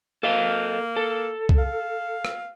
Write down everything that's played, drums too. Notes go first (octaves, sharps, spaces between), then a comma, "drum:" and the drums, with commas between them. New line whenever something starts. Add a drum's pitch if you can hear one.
A#3 A4 D#5 F5
A4
drum: kick
F5
drum: rim click